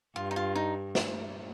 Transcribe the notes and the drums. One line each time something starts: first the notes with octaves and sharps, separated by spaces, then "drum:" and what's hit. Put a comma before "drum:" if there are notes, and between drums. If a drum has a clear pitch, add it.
G2 F4
D#4
F4
D#4
drum: snare